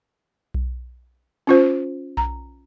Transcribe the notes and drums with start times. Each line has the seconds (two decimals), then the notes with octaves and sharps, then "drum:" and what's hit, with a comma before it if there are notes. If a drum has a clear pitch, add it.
0.54 drum: kick B1
1.47 C#4 F4 C5
2.17 A#5, drum: kick B1